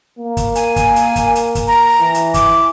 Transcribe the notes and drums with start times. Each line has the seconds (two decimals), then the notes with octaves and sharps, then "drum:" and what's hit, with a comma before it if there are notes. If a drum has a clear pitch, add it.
0.19 A#3
0.37 drum: kick, hi-hat
0.55 G#5, drum: hi-hat
0.76 drum: kick, hi-hat
0.96 drum: hi-hat
1.16 drum: kick, hi-hat
1.36 drum: hi-hat
1.55 drum: kick, hi-hat
1.68 A#5
2.01 E3
2.14 drum: hi-hat
2.34 D6, drum: kick, hi-hat